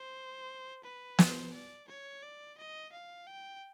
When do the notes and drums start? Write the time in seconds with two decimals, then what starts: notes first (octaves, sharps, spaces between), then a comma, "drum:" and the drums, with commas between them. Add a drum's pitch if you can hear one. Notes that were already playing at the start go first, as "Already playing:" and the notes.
Already playing: C5
0.84 B4
1.19 C5, drum: snare
1.53 D5
1.88 C#5
2.23 D5
2.58 D#5
2.92 F5
3.27 G5